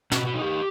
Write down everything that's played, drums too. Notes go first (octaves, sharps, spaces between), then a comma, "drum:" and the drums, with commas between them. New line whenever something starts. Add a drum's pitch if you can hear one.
B2 F#4, drum: snare
F#4
D#4
G4